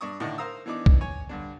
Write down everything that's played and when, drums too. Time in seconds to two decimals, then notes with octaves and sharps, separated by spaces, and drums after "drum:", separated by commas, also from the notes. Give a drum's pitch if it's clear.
0.01 G2 D4 C#6 D#6
0.20 A2 D3 D#3 D4 D#5
0.38 A#4 C5 F5 A#5 D#6 E6
0.66 E3 B3 D4 D#4 D6
0.86 drum: kick B1
1.01 C#5 G#5
1.29 G2 D3 D4